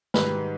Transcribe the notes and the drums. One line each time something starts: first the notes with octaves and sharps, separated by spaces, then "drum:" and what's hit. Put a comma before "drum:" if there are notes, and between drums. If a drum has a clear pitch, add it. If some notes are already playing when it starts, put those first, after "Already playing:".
G#2 D#3 G3 B4, drum: snare